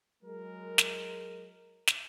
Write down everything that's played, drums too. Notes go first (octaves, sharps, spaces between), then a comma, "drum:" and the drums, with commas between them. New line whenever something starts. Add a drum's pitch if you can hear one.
F#3 G#3 A#4
drum: snare
drum: snare